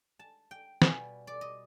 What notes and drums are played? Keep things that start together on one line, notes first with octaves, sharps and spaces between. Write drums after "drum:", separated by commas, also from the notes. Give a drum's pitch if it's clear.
A5
G5
B2 G3 B3 G#5, drum: snare
D5
D#5